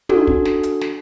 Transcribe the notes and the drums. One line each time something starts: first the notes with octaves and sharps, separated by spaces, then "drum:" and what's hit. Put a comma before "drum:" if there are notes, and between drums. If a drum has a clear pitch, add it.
D4 F#4 A4, drum: tom
drum: kick
drum: snare
drum: hi-hat
drum: snare